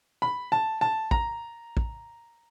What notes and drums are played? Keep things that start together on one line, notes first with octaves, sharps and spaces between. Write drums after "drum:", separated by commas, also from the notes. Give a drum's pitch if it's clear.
B5
A5
A5
A#5, drum: kick
drum: kick